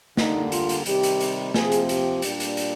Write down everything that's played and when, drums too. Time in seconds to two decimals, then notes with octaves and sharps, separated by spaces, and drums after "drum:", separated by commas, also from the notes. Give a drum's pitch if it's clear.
0.17 D3 G3 A#3 D#4, drum: snare
0.52 F4, drum: hi-hat
0.69 drum: hi-hat
0.86 C3 D#3 G3 G4, drum: hi-hat
1.03 drum: hi-hat
1.20 drum: hi-hat
1.54 C3 F3 C4 G#4, drum: snare
1.72 drum: hi-hat
1.89 G4, drum: hi-hat
2.22 A#2 G3 D4, drum: hi-hat
2.40 drum: hi-hat
2.57 drum: hi-hat